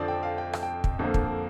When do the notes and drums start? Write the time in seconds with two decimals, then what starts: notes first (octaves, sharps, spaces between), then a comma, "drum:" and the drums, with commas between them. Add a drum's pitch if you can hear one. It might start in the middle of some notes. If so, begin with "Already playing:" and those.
Already playing: F2 D3 F3 C4 D5
0.08 G5
0.23 F5
0.38 G5
0.53 drum: rim click
0.63 G5
0.84 drum: kick
0.99 F2 D3 F3 A#3
1.14 drum: kick